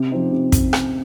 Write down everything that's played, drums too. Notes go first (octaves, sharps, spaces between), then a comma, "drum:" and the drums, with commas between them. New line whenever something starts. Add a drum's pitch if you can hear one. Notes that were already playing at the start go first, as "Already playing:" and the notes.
Already playing: C3
F3 C4 D#4
C3
drum: kick, hi-hat
drum: rim click